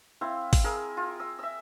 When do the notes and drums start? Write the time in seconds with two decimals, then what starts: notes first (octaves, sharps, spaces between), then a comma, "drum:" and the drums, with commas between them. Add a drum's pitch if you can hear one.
0.21 C4 E4 F5
0.53 drum: kick G#1, open hi-hat
0.64 G#4 A#4 E6
0.97 F4
1.20 E6
1.39 E5 E6